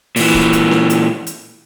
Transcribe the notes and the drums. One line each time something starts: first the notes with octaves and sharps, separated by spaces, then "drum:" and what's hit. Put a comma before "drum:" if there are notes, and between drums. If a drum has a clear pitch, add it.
A#2 E3, drum: open hi-hat
drum: kick D1
drum: hi-hat
drum: snare C#4
drum: hi-hat
drum: hi-hat